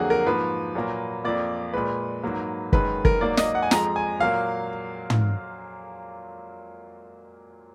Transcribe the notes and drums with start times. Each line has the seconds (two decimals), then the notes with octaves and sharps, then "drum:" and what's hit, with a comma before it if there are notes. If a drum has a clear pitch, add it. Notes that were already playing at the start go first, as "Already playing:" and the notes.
Already playing: F2 D3 F#3 A#3 F#4 G#4
0.10 A#4
0.26 G#2 F3 A#3 B4
0.75 A#2 F#3 A#3
1.24 F2 F3 A#3 D5
1.74 A#2 G#3 B4
2.23 G#2 F#3 A#3
2.73 F#2 D#3 G#3 B4, drum: kick
3.05 A#4, drum: kick
3.21 G#2 F#3 A#3 D5
3.37 D#5, drum: snare
3.55 F#5
3.62 G#5
3.71 F2 F3 G#3 A#5, drum: snare
3.96 G#5
4.20 A#2 F#3 A#3 F5
5.10 drum: tom